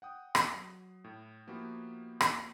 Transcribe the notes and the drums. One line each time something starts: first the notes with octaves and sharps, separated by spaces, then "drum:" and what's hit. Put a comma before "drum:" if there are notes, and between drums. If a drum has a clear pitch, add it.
F#5 G5 D#6
drum: rim click
F#3
A2
F3 A#3 B3 E4 F#4 G4
drum: rim click